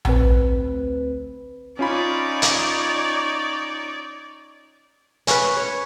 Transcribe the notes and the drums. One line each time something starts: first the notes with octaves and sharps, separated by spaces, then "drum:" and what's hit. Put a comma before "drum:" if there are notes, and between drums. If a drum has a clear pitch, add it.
D2 C4 B4, drum: tom A#1
C#4 D#4 F4 C#5 D5 B5
drum: hi-hat
C#4 B4, drum: hi-hat
C#5